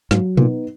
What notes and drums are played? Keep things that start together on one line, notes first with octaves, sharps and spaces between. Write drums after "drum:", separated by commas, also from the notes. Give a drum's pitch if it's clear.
G#2 F#3, drum: snare
A#2 B3 D#4, drum: tom B2